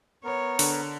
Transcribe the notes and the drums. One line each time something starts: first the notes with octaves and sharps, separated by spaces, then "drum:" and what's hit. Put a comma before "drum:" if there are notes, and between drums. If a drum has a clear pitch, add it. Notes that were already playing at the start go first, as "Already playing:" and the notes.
B3 A#4 C#5
D3, drum: open hi-hat